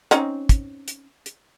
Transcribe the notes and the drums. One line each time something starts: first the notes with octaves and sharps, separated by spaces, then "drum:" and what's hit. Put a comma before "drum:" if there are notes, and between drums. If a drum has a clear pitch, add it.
C4 C#4 D#4, drum: hi-hat
drum: kick, hi-hat
drum: hi-hat
drum: hi-hat